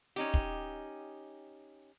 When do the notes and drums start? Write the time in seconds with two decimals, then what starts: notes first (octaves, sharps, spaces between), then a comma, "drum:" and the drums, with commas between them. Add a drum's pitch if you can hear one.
0.16 C#4 D#4 G4
0.34 drum: kick